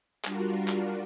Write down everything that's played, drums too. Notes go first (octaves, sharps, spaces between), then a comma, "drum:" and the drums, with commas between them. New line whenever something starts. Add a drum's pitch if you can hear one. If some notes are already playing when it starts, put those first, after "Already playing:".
G3 D4 F4 F#4 A#4, drum: clap
drum: clap